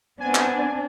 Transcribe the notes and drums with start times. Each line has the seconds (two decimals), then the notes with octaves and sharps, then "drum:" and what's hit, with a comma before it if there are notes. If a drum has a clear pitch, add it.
0.20 B3 C4 D4 G#5
0.35 drum: clap